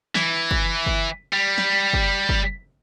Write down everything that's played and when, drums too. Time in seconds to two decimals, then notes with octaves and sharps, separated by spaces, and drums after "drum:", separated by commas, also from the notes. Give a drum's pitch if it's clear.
0.15 E3, drum: snare
0.51 drum: kick
0.86 drum: kick
1.33 G3
1.58 drum: snare
1.93 drum: kick
2.29 drum: kick